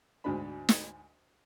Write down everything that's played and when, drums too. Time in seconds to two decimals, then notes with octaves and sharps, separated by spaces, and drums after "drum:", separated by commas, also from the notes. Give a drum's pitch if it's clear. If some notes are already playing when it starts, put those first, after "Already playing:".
0.24 D2 G#2 B2 D4 B5
0.69 drum: snare